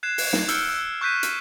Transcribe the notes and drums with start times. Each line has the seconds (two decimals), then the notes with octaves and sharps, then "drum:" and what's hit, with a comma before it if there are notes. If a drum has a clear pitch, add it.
0.03 F#6 G#6 C7 E7
0.18 drum: open hi-hat
0.33 drum: snare
0.48 E6 F6 G6 C#7 D7, drum: hi-hat
0.69 E6
1.01 C#6 F#6 G6 B6 D#7
1.23 drum: hi-hat